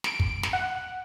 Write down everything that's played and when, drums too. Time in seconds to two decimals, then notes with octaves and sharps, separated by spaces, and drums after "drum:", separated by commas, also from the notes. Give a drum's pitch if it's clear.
0.04 D7, drum: snare
0.20 drum: kick
0.43 drum: snare
0.53 F#5